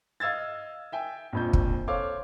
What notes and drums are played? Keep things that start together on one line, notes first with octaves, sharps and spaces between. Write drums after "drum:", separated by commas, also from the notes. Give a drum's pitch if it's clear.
D#5 F5 E6 G#6 A6
E5 G5 G#5
A#1 F2 G6
drum: kick
A4 C5 C#5 F5 D6